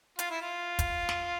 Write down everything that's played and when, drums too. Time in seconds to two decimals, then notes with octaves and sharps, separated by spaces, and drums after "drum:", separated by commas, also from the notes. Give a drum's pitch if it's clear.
0.19 F4, drum: hi-hat
0.30 E4
0.42 F4
0.79 drum: kick, hi-hat
1.09 drum: snare